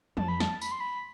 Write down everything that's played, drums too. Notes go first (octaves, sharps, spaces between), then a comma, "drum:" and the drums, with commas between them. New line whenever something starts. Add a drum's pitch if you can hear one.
F2 A5, drum: tom
B5
A5, drum: snare
B5, drum: tambourine
C6
B5